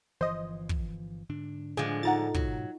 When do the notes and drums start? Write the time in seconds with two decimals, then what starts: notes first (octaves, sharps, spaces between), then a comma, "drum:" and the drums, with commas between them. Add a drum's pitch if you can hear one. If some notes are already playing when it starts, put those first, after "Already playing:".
0.21 G1 E3 F3 C5 D#5
0.69 drum: kick
1.29 G#2 D3 D4
1.77 A2 D3 F3 G#3 G#4
2.03 D#4 F4 F#5 A#5 A6
2.35 G#2 B2 F#3, drum: kick